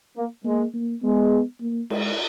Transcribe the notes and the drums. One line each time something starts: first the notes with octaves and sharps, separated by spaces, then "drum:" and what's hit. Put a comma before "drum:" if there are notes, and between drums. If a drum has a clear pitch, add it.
A#3
G#3 A#3
A#3
G#3 B3
A#3
G#3, drum: cymbal